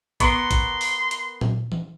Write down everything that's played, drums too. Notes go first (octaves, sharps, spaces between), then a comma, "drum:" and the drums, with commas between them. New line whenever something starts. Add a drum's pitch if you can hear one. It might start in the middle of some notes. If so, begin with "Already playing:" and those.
B3 A#4 C6 C#6, drum: kick G#1, hi-hat
drum: kick G#1, hi-hat
drum: open hi-hat
drum: hi-hat
drum: tom A#2
drum: tom E3